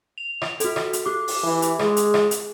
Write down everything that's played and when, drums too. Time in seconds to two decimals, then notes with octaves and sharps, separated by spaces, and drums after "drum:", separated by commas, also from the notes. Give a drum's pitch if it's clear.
0.18 F7
0.42 drum: rim click
0.60 F#4 A4, drum: hi-hat
0.76 drum: rim click
0.93 drum: hi-hat
1.06 G4 D6
1.28 drum: open hi-hat
1.43 E3
1.62 drum: hi-hat
1.79 G#3, drum: rim click
1.97 drum: hi-hat
2.14 drum: rim click
2.31 drum: hi-hat